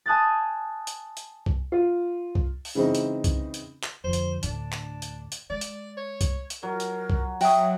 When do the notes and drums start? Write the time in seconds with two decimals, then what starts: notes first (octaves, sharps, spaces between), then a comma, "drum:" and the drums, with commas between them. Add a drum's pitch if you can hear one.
0.06 G#5 A5 D#6 F#6 G#6 A6
0.87 drum: hi-hat
1.17 drum: hi-hat
1.46 drum: kick C2
1.72 F4
2.35 drum: kick C2
2.65 drum: open hi-hat
2.75 C#3 E3 G#3 C4 D#4
2.95 drum: hi-hat
3.24 drum: kick C2, hi-hat
3.54 drum: hi-hat
3.84 drum: clap
4.04 F2 D3 C5
4.13 drum: hi-hat
4.43 D2 A2 D4, drum: hi-hat
4.72 drum: clap
5.02 drum: hi-hat
5.32 drum: hi-hat
5.50 G#3 D5
5.61 drum: hi-hat
5.97 C#5
6.21 drum: kick C2, hi-hat
6.50 drum: hi-hat
6.63 F#3 A#4
6.80 drum: hi-hat
7.10 drum: kick C2
7.41 F#3 E5 G5 D#6, drum: open hi-hat